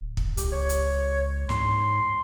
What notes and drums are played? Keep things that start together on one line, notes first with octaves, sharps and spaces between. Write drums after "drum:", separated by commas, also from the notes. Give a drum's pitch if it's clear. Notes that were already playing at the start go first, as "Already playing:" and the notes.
D1
drum: kick
C#2 G4, drum: hi-hat
C#5
drum: hi-hat
G#2 C6, drum: snare